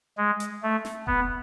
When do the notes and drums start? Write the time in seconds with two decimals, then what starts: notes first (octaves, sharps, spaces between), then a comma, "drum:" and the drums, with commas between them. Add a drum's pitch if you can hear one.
0.17 G#3
0.40 drum: hi-hat
0.63 A3
0.85 drum: snare
1.07 B3, drum: kick E1